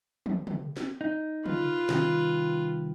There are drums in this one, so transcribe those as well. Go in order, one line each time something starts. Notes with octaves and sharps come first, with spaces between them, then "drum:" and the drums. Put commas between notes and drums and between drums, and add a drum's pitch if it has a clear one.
drum: tom
drum: tom
drum: snare
D#4
F4 B4, drum: tom
C2 D#3, drum: snare